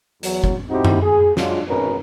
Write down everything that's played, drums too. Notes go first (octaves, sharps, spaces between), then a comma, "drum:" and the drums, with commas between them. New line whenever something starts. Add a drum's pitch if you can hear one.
E2 F#3, drum: hi-hat
drum: kick
C4 D#4 E4 F#4 G4
drum: tom F#2
G#4
F#3 G#3 D4 F4, drum: snare
G#1 B2 B3 C#4 A#4